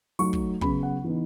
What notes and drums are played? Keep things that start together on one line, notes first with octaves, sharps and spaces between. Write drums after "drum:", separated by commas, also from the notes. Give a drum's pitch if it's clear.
F#3 A3 D#4 C#6, drum: open hi-hat
drum: kick
C#3 F#3 B3 B5, drum: kick
F#5
E3 B3 D#4